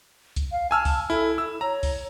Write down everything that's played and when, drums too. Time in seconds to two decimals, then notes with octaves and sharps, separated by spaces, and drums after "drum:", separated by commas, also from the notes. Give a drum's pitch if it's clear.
0.36 drum: kick C2, hi-hat
0.52 F5
0.71 G#5 A5 E6 F6
0.85 drum: kick C2, open hi-hat
1.10 E4 A4
1.38 E4 E6
1.61 C#5 A#5
1.83 drum: kick C2, open hi-hat